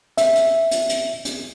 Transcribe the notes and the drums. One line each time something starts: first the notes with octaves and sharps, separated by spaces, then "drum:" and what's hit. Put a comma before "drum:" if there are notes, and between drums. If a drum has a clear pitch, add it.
E5, drum: hi-hat
drum: hi-hat
drum: hi-hat
drum: hi-hat
drum: hi-hat